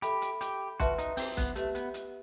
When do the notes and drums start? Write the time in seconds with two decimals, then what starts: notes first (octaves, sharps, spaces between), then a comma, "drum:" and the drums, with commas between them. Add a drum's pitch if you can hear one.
0.02 G4 A4 E5 B5, drum: hi-hat
0.22 drum: hi-hat
0.41 G4, drum: hi-hat
0.79 F#4 B4 E5 A5 C6, drum: kick, hi-hat
0.98 D#4, drum: hi-hat
1.17 C4, drum: open hi-hat
1.37 B3, drum: kick, hi-hat
1.56 A3 G4 B4 E5, drum: hi-hat
1.75 B3, drum: hi-hat
1.94 drum: hi-hat